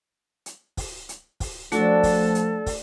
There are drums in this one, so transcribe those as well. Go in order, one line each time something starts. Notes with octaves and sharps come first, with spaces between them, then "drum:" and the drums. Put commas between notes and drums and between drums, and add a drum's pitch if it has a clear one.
drum: hi-hat
drum: kick, open hi-hat
drum: hi-hat
drum: kick, open hi-hat
F3 A3 D4 F#4 A4 D5, drum: hi-hat
drum: kick, open hi-hat
drum: hi-hat
drum: kick, open hi-hat